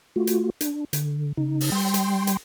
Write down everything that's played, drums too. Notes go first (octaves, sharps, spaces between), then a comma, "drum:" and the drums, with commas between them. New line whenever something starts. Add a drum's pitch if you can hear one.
A3 F4 F#4
drum: hi-hat
D4, drum: hi-hat
D3, drum: hi-hat
C#3 D#4
drum: open hi-hat
G3 G5 C6
drum: hi-hat
drum: hi-hat